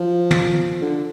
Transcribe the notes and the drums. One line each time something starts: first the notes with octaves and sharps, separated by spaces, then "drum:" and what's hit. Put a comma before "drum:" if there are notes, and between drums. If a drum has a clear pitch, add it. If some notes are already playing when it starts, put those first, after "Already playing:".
Already playing: F3
drum: tom
D3